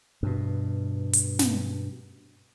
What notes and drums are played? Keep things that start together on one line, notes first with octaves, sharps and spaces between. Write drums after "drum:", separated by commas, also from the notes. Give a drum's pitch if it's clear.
G2 B2
drum: hi-hat
drum: snare